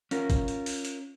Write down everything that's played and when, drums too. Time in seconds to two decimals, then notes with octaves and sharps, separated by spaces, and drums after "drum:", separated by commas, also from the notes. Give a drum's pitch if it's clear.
0.11 C#4 F4 A#4, drum: hi-hat
0.30 drum: kick, hi-hat
0.48 drum: hi-hat
0.66 drum: open hi-hat
0.85 drum: hi-hat